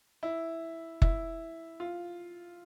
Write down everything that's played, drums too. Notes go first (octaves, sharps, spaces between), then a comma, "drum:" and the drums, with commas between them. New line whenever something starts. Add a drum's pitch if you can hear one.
E4
E4, drum: kick F#1
F4